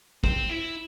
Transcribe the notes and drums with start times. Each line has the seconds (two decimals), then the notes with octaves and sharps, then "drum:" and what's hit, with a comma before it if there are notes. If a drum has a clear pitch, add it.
0.24 C4, drum: kick
0.49 E4